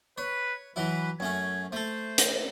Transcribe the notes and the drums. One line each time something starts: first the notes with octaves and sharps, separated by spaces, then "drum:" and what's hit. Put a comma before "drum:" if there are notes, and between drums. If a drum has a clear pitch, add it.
B4 C#5
E3 F#3 E4 B4
F#2 A3 C#4 G#6
A3 A4 C5
drum: hi-hat